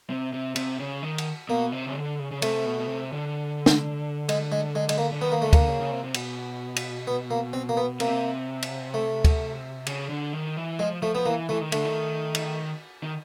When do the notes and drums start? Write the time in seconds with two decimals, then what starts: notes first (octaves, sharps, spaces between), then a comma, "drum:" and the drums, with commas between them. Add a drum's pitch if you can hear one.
0.10 C3
0.33 C3
0.56 C3, drum: cymbal
0.79 C#3
1.03 D#3
1.18 drum: cymbal
1.49 B2 A#3
1.72 C3
1.86 C#3
1.95 D3
2.19 C#3
2.31 C#3
2.42 C3 A3, drum: cymbal
2.65 B2
2.79 B2
2.88 C3
3.12 D3
3.66 drum: snare
4.29 G#3, drum: cymbal
4.52 G#3
4.75 G#3
4.89 G#3, drum: cymbal
4.98 A#3
5.12 D3
5.21 D#3 B3
5.32 A#3
5.42 D3 A3
5.53 A#3, drum: kick, cymbal
5.68 C#3
5.80 C#3
5.92 C3
6.04 C3
6.14 B2, drum: cymbal
6.76 drum: cymbal
7.07 B3
7.31 A#3
7.53 C4
7.69 A#3
7.77 B3
8.00 C3 A#3, drum: cymbal
8.62 drum: cymbal
8.94 A3
9.24 drum: kick, cymbal
9.86 C#3, drum: cymbal
10.09 D3
10.33 D#3
10.57 E3
10.79 F3 G#3
11.02 F3 A3
11.15 B3
11.25 E3 A#3
11.49 E3 A3
11.61 D#3
11.72 D3 A3, drum: cymbal
11.85 D#3
12.35 drum: cymbal
13.03 D#3